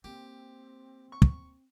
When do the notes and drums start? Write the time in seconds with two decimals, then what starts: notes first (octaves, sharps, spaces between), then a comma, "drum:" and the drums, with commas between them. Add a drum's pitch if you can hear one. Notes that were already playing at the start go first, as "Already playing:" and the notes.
0.04 A#3 C4 G4
1.12 C#6
1.22 drum: kick